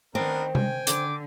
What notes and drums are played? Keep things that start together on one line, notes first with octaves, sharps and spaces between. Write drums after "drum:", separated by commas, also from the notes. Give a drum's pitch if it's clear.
D#3 B3 C4 D4 A#4
G5 G#5, drum: tom C3
D3 D6, drum: hi-hat